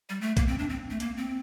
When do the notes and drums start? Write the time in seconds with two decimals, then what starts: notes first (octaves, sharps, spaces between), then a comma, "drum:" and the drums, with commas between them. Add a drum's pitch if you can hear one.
0.10 G3
0.21 A3
0.37 A#3, drum: kick A#1, hi-hat
0.48 C4
0.59 D4
0.70 C4
0.90 A3
1.00 A#3, drum: hi-hat
1.17 C4